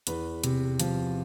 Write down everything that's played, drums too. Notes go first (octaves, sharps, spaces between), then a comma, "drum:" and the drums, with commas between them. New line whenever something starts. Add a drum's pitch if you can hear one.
E2 B4, drum: hi-hat
C3, drum: hi-hat
F3, drum: hi-hat